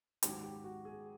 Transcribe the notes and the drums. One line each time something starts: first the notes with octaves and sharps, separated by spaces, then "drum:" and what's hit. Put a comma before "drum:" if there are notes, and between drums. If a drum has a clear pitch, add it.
G#2 D#3 F#3 G4, drum: hi-hat
G4
F#4
G#4